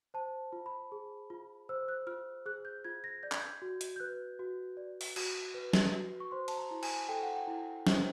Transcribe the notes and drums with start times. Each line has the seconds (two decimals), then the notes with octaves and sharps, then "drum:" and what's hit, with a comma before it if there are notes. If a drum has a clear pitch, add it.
0.14 C5 A5
0.53 F4
0.66 B5
0.92 G#4
1.30 F4
1.69 C5 E6
1.88 F#6
2.07 F4 F6
2.46 G#4 F#6
2.65 G6
2.85 F4 G#6
3.04 A#6
3.23 D5 G6
3.32 G#6, drum: clap
3.40 G6
3.62 F#4
3.81 drum: hi-hat
3.96 G6
4.00 B4 F#6
4.39 F#4
4.77 D5
5.01 drum: open hi-hat
5.16 F#4, drum: cymbal
5.54 B4
5.73 drum: snare
5.93 F#4
6.20 C#6
6.31 C5 C6
6.48 A5, drum: cymbal
6.57 A#5
6.71 E4
6.83 G#5, drum: cymbal
7.08 A4 G5
7.23 F#5
7.36 G5
7.47 E4
7.87 C5, drum: snare